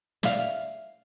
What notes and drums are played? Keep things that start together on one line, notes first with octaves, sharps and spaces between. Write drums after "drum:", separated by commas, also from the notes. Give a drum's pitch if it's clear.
E5 F5, drum: snare